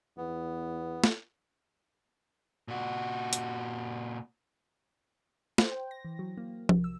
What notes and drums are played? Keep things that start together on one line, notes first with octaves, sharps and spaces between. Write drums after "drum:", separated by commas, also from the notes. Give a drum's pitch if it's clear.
E2 B3
drum: snare
A#2 F#4
drum: hi-hat
C5, drum: snare
G5
A#6
E3
F#3
A#3
C2, drum: tom F3
E6